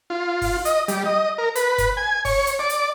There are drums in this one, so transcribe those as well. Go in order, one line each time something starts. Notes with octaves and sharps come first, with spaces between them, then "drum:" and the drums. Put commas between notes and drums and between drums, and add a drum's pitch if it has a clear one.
F4
drum: kick F#1, open hi-hat
D#5, drum: hi-hat
G3, drum: hi-hat
D#5
A#4
B4, drum: hi-hat
drum: kick F#1, hi-hat
G#5
C#5, drum: kick F#1, open hi-hat
drum: hi-hat
D5
drum: hi-hat